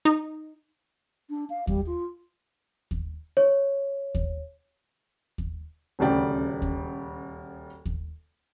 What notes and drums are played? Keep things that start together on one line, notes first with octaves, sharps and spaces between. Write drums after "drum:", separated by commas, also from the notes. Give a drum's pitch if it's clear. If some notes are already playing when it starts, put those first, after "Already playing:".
D#4
D4
F5
G3, drum: kick D#2
F4
drum: kick D#2
C#5
drum: kick D#2
drum: kick D#2
D#1 D2 C#3 D5 G5
drum: kick D#2
drum: kick D#2